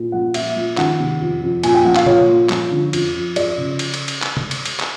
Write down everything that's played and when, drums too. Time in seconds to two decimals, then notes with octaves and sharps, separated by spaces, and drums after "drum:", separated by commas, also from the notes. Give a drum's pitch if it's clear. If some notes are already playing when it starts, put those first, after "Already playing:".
Already playing: A#2
0.12 F3 F#5
0.34 A#2 E5, drum: cymbal
0.56 F3
0.78 D#3 F#5, drum: clap
1.00 C3
1.21 F2
1.42 F2
1.63 A#2 G#5, drum: cymbal
1.74 G5
1.85 F3 F#5
1.95 F5, drum: clap
2.06 A#2 C#5, drum: tom
2.28 F3
2.49 F3, drum: clap
2.71 D3
2.93 F2, drum: cymbal
3.14 F2
3.36 F3 D5, drum: cymbal
3.58 C#3
3.79 drum: cymbal
3.94 drum: cymbal
4.08 drum: cymbal
4.22 drum: clap
4.37 drum: tom
4.51 drum: cymbal
4.65 drum: cymbal
4.80 drum: clap